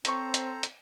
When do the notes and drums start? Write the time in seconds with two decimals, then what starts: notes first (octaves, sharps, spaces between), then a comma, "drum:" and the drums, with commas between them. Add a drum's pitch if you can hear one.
0.05 C4 A4 C5 C#5 A#5 C#6, drum: hi-hat
0.34 drum: hi-hat
0.63 drum: hi-hat